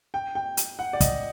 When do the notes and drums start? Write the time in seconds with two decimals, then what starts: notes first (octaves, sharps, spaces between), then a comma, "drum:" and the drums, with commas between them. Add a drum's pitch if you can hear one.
0.14 G5
0.35 G5
0.57 drum: hi-hat
0.79 F#5
0.93 D5
1.00 D#5, drum: kick, hi-hat